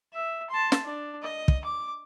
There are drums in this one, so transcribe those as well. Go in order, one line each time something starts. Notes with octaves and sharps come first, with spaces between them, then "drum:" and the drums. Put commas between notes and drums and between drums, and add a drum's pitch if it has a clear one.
E5
A5 C6
drum: snare
D4
D#5
drum: kick
D6